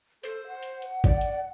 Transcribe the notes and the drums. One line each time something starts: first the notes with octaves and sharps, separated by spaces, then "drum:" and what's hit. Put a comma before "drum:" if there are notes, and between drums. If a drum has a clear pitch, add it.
A4 C5, drum: hi-hat
F#5
drum: hi-hat
drum: hi-hat
D5, drum: kick, hi-hat
drum: hi-hat